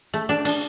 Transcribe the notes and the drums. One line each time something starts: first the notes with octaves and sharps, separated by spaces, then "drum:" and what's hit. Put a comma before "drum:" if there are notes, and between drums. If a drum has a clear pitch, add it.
A3
D4
D4, drum: open hi-hat